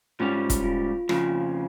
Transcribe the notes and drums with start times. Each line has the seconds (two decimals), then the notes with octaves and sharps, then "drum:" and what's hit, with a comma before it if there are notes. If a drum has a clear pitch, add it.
0.20 G#2 G3 C#4 F4
0.50 drum: kick, hi-hat
0.64 F4
1.09 F2 C#3 F3 F4, drum: rim click